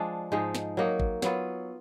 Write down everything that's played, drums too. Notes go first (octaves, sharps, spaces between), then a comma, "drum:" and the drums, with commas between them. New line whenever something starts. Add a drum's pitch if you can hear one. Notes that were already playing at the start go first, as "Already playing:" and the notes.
Already playing: F3 G#3 D4
G#2 F3 G#3 D#4
drum: snare
F#3 A#3 D#4
drum: kick
F#3 B3 F4, drum: snare